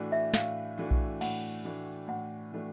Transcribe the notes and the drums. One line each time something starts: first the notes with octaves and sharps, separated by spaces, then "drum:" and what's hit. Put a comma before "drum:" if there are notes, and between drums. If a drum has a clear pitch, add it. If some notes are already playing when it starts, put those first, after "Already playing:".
Already playing: A2 E3 A3 D4 F#4
E5
A2 F5, drum: snare
E3 A3 D4 F#4
drum: kick B1
A2 F#5, drum: cymbal
E3 A3 D4 F#4
A2 F#5
E3 A3 D4 F#4